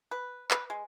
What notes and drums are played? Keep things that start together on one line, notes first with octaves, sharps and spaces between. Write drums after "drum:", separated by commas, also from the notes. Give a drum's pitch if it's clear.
B4
B4, drum: clap
G#3